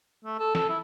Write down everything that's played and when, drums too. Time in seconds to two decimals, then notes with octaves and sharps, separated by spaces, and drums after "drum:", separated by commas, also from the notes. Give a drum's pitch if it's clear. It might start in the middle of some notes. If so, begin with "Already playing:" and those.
0.25 A3
0.39 A4
0.55 A4, drum: snare
0.69 E4